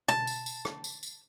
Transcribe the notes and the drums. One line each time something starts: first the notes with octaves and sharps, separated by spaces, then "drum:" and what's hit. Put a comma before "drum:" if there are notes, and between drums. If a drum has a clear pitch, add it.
A5, drum: tom
drum: tambourine
drum: tambourine
drum: rim click
drum: tambourine
drum: tambourine